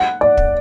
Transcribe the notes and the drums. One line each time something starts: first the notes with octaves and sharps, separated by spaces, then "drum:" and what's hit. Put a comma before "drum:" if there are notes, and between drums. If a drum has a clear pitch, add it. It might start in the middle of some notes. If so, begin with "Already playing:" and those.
Already playing: F#5
D5
drum: kick